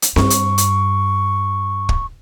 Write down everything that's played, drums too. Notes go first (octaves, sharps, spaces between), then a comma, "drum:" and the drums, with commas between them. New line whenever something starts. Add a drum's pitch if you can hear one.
drum: hi-hat
G2 C#6, drum: snare C4
drum: hi-hat
drum: hi-hat
drum: kick